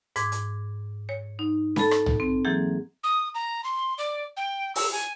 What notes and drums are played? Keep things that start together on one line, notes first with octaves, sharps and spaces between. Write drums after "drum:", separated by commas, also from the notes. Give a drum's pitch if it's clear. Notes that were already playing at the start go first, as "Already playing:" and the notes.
G#2 D6 G#6, drum: hi-hat
drum: hi-hat
C#5
D#4
A4 A5 B5, drum: snare
drum: rim click
drum: tom
C4
E3 F#3 A#3 G#4
D#6
A#5
C6
D5
G5
E6, drum: open hi-hat
G#5